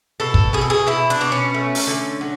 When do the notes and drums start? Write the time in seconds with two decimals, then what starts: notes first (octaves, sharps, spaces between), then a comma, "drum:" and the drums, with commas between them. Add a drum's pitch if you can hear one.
0.20 B2 A4
0.34 drum: kick
0.53 B2 G#4
0.61 A4
0.70 G#4
0.87 B2 E4
1.10 D4, drum: hi-hat
1.21 B2
1.32 C#4
1.54 A3
1.75 drum: open hi-hat
1.87 D3
2.21 F#3